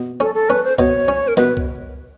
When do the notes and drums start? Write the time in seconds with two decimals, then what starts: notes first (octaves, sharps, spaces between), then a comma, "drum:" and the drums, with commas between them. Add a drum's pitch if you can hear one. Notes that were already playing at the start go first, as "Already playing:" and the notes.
Already playing: B2
0.20 C#4 A4
0.35 A4
0.49 C#4 B4
0.64 C5
0.78 B2 C#5, drum: kick C2
1.08 C#4
1.28 A#4
1.37 B2 B4, drum: snare
1.57 drum: kick C2